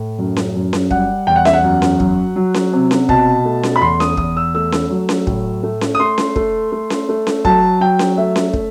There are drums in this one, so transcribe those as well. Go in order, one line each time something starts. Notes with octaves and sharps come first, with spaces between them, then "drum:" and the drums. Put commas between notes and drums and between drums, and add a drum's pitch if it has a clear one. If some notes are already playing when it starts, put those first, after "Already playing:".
Already playing: A2
F#2
drum: snare C#4
F#2
drum: snare C#4
G3 F#5, drum: kick
E2 G5
F#5
E5, drum: snare C#4
F#5
F#2
drum: snare C#4
F#3, drum: kick
F#3
drum: snare C#4
C3
drum: snare C#4
B2 A5, drum: kick
A3
drum: snare C#4
B5
E2 C6
D#6, drum: snare C#4
E2 D#6, drum: kick
E6
A3 E6
drum: snare C#4
F#3
drum: snare C#4
A2, drum: kick
A3
drum: snare C#4
D#6
A3 C6
drum: snare C#4
A3, drum: kick
A3
drum: snare C#4
A3
drum: snare C#4
F#3 A5, drum: kick
F#3 G5
drum: snare C#4
A3 E5
drum: snare C#4
A3, drum: kick